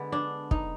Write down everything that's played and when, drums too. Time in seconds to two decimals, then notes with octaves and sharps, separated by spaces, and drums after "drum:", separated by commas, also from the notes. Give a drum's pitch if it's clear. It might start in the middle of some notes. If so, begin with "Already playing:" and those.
Already playing: D3 G#3 B3
0.12 D4
0.51 D#4, drum: kick